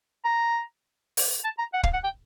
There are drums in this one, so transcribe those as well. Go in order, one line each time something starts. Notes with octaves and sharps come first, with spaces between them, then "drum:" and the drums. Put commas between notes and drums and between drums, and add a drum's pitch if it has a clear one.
A#5
drum: open hi-hat
A5
A#5
F#5
F5, drum: kick
F#5
G5